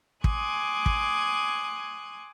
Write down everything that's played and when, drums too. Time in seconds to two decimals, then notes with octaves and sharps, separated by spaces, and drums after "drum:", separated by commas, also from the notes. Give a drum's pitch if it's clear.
0.24 G#5 C6 D6 D#6 F#6 G#6, drum: kick
0.86 drum: kick